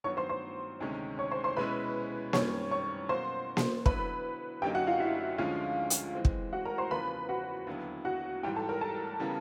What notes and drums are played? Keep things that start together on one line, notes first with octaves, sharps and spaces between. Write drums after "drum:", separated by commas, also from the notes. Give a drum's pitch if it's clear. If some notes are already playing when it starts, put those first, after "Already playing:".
G2 D#3 F#3 B3 C#5 C#6
C5 C6
C5 C6
D2 C3 D#3 G#3 C#4
C#5 C#6
C5 C6
C5 C6
B2 G#3 C#4 E4 B4 B5
F#2 D#3 G3 C4 C#5 C#6, drum: snare A#3
C#5 C#6
B2 F#3 A#3 C#4 F#4 C5 C6
drum: snare A#3
D3 F#3 B3 E4 B4 B5, drum: kick
F#2 D3 F#3 A#3 D#4 G4 G5
F#4 F#5
F4 F5
E4 E5
D2 D3 F3 G#3 C#4 F4 F5
drum: hi-hat
E3 G#3 C4
drum: kick
F#4 F#5
A#4 A#5
C5 C6
E2 C#3 F3 A#3 B4 B5
F#4 F#5
D#2 D3 F#3 B3 E4
F#4 F#5
G#2 E3 G3 G4 G5
A4 A5
A#4 A#5
A4 A5
C#3 E3 G3 B3